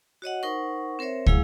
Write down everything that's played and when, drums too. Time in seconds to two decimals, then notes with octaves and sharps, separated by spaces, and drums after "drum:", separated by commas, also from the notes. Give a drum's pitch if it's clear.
0.22 F#4 C#5 D#5 F#5
0.43 D#4 A#4 C5 F#5 C#6
0.99 C4 A#4 C5 C#5 E5
1.26 F#3 G#3 E4 G#4 F5 E6, drum: kick